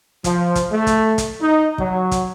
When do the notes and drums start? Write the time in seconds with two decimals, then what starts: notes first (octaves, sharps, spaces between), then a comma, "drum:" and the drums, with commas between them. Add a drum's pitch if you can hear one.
0.24 F3, drum: kick, hi-hat
0.55 drum: kick, hi-hat
0.72 A3
0.87 drum: kick, hi-hat
1.18 drum: kick, hi-hat
1.40 D#4
1.78 F#3, drum: kick
2.11 drum: kick, hi-hat